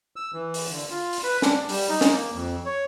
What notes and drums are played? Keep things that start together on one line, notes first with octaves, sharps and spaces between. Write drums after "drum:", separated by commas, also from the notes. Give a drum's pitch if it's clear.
E6
E3
drum: open hi-hat
D3
F4
drum: open hi-hat
B4
D4, drum: snare
G3, drum: open hi-hat
D#4
drum: snare
A#3
F2
C#5